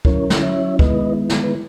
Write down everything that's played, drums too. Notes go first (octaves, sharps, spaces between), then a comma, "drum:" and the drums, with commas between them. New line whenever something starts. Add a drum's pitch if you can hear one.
F#3 C#4 E4 A#4 C#5, drum: kick
drum: snare
C#5 E5
D#3 G#3 B3 E4 B4 D#5, drum: kick
drum: snare
B4